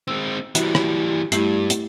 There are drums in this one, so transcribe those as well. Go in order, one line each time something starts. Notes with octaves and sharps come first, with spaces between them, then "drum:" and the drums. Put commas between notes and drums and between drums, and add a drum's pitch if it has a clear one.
G#3 C4 E6
E3 G3 F#4, drum: hi-hat
drum: rim click
G2 A3 E4 G4, drum: hi-hat
drum: hi-hat